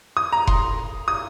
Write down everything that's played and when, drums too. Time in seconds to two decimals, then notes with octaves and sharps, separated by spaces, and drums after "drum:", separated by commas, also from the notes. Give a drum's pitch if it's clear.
0.17 D#6
0.32 A#5
0.47 C6, drum: kick F1
1.08 D#6